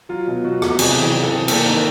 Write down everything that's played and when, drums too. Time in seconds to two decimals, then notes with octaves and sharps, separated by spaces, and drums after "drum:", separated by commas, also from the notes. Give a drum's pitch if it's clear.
0.09 F#3 F4
0.27 B2
0.45 B2 F#4
0.62 F#3, drum: rim click
0.79 C3 G#4, drum: cymbal
0.96 E3
1.14 E3 G#4
1.23 A4
1.31 C3 G#4
1.48 A#3 A4, drum: cymbal
1.66 D#3 A#4